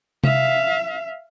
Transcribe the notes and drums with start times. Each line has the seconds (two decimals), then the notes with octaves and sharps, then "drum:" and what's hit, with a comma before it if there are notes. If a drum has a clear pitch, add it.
0.24 E5 F5, drum: tom C3